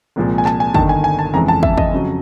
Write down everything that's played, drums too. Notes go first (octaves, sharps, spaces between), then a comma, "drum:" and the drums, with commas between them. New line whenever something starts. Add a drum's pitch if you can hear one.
C2 A#2 F3 G#3
G#5
A5, drum: clap
G#5
G1 G2 D#3 A5, drum: kick
G#5
G#5
A5
F2 C#3 E3 G#3 A#5
A5
E5, drum: kick
D#5, drum: kick
F2 C#3 F#3